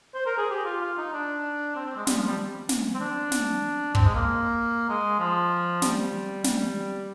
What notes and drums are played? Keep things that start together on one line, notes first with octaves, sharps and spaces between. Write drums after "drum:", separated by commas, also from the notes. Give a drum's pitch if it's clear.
C5
A#4
G#4
G4
F4
F4
D#4
D4
C4
C4
G#3
G3, drum: snare
F3
G3
drum: snare
C4
D4
drum: snare
C4, drum: kick
G#3
A#3
G#3
F3
G3, drum: snare
G3, drum: snare